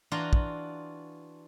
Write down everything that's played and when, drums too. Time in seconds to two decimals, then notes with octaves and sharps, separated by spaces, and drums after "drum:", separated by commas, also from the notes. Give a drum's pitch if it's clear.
0.12 E3 D4 F4 F#4 A#5 C6
0.33 drum: kick